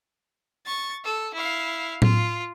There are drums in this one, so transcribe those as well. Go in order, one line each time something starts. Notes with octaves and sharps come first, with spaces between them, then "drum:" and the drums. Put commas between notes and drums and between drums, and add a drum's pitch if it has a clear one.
C#6 A6
A4
E4 F5
F4, drum: tom A2